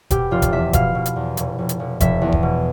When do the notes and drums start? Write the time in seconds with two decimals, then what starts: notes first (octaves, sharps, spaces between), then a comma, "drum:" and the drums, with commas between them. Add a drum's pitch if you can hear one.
0.10 B2 G4, drum: kick E1, hi-hat
0.31 F1 F4
0.42 drum: kick E1, hi-hat
0.52 E2 E5
0.73 B2 F5, drum: kick E1, hi-hat
0.95 B2
1.06 drum: hi-hat
1.16 E2
1.37 F1, drum: hi-hat
1.58 F1
1.69 drum: hi-hat
1.80 F1
2.00 F1 E5, drum: kick E1, hi-hat
2.21 E2
2.32 drum: kick E1
2.43 B2